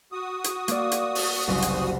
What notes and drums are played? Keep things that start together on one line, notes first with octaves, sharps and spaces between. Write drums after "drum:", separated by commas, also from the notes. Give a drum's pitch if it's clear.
F#4 D#6
drum: hi-hat
A#3 D5, drum: hi-hat
drum: hi-hat
drum: open hi-hat
F#1 C2
drum: hi-hat
C5